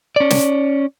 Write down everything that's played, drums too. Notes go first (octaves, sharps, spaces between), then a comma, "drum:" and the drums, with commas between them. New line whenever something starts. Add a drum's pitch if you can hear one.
C#4 D5
drum: snare